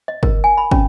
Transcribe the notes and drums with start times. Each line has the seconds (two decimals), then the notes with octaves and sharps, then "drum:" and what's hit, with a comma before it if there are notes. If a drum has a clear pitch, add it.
0.08 D#5
0.23 A#4, drum: kick
0.44 G#5
0.57 B5
0.71 C#4, drum: kick